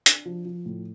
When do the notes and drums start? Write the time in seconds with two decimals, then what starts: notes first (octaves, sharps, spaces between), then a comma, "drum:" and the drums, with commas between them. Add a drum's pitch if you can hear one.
0.06 D4, drum: hi-hat
0.26 F3
0.45 F3
0.66 A2